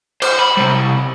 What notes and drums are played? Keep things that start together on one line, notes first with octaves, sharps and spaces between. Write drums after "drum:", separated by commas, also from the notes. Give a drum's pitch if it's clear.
C5, drum: cymbal
B5
C3 G3